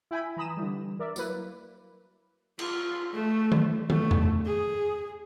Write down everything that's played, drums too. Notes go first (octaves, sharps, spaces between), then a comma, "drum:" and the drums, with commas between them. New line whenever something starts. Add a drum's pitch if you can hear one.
E4 G5 G#5 B5
E3 A#5 B5 D#6 E7
D3 E3 G3
A#4 D5 E5
F#3 A#3 E4 B4, drum: tambourine
F4, drum: cymbal
A3
drum: tom
A3, drum: tom
drum: tom E2
G#4